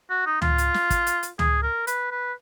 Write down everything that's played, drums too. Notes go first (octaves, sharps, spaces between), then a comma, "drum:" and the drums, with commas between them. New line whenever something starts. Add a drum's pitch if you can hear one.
F#4
D#4
F4, drum: tom C#2
drum: hi-hat
drum: snare
drum: kick, hi-hat
drum: hi-hat
drum: hi-hat
G#4, drum: tom C#2
A#4
B4, drum: hi-hat
B4